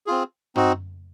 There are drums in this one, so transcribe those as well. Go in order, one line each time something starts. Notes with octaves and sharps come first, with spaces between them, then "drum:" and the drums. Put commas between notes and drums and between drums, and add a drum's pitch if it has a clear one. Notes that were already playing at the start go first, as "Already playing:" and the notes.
C4 F4 G#4
C4 D#4 F#4, drum: tom